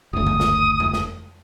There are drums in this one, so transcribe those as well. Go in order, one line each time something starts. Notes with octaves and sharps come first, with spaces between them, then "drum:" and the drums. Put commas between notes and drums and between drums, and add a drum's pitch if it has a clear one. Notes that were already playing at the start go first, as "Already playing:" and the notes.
F#1 D2 D#6
drum: tom G2
drum: snare
drum: tom F2
drum: snare